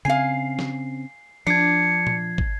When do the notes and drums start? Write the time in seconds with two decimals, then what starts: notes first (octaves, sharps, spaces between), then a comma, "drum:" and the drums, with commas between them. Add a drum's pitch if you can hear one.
0.05 C#3 C4 F5 G#5 C7
0.59 drum: snare
1.47 F3 D4 G#6 C7 C#7
2.07 drum: tom A#2
2.38 drum: kick